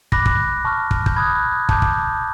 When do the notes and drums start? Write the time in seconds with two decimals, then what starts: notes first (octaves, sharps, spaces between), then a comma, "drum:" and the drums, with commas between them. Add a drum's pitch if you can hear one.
0.12 B5 D6 F#6 A#6, drum: kick
0.26 drum: kick
0.65 A5 C#6 F6
0.91 drum: kick
1.06 G6, drum: kick
1.16 B5 D#6 F#6 G#6
1.69 A5 D6 G6, drum: kick
1.82 drum: kick